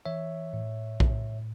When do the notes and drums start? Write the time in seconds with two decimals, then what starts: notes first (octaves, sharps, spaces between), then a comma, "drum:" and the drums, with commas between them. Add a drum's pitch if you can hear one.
0.06 E3 C#5 E5
0.53 A2
1.00 A2, drum: kick